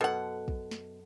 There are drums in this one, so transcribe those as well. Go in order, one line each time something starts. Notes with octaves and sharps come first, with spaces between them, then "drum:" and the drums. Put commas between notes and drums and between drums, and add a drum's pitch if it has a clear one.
F#2 B2 A4 F#5
drum: kick
drum: snare